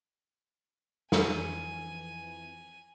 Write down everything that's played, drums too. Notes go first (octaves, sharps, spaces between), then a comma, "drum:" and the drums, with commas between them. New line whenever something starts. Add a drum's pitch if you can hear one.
F2 E3 G#5, drum: snare